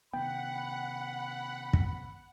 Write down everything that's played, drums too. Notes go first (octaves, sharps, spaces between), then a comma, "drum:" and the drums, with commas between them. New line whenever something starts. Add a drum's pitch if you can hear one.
C3 D#3 B3 F#5 G5 B5
drum: kick